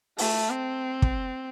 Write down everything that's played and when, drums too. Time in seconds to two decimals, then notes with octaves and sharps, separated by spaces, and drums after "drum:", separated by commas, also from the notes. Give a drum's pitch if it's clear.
0.18 A3, drum: open hi-hat
0.50 C4
1.02 drum: kick